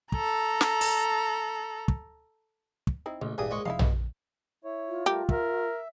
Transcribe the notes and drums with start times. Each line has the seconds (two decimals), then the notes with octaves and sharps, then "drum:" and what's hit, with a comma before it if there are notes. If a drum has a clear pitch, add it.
0.12 A4 A#5, drum: kick
0.61 drum: snare
0.81 drum: open hi-hat
1.88 drum: kick
2.87 drum: kick
3.06 C4 D#4 E4
3.22 A1 A#2 C#3 G#3
3.38 G#1 E2 G2 A#2 G4 G#4 D#6
3.51 A#1 G#3 C#6
3.65 F1 C3 F3 G#3 D#4 E4 F5
3.79 B2, drum: tom A#1
4.64 E4 C#5
4.88 F4
5.06 G3 A3 G4 A#4
5.29 A#4 E5, drum: kick